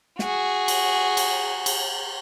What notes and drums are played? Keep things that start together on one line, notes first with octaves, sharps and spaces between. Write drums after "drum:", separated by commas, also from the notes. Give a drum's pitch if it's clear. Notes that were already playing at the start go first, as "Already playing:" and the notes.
F#4 G#4, drum: snare
drum: cymbal
drum: cymbal
drum: cymbal